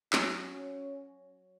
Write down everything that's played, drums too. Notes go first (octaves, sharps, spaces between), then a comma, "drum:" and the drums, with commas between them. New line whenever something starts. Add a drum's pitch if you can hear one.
F#3 C#4, drum: clap